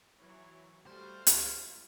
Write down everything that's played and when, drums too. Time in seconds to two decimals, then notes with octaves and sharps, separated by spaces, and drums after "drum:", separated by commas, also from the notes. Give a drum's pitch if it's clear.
0.18 E3 F#3 C#5
0.86 G3 A3 F#4 C5 F5
1.27 G3 E4 F4, drum: hi-hat